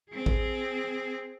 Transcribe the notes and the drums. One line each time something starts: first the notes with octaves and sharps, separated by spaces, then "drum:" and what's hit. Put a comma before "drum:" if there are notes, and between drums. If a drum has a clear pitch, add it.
C4 G#4
drum: kick A1